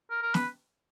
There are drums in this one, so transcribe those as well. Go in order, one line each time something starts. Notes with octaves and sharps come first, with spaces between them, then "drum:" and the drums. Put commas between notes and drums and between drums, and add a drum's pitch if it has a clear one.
A#4
A#4
B4, drum: snare